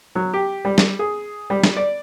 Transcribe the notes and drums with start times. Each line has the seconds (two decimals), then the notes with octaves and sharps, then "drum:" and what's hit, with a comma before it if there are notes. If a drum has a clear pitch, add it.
0.15 F#3
0.33 G4
0.65 G3
0.78 drum: snare
0.99 G#4
1.50 G3
1.64 drum: snare
1.77 D5